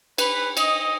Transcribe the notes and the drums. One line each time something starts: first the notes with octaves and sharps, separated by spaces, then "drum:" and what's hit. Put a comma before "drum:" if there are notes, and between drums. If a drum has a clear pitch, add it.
B4, drum: cymbal
D#5, drum: cymbal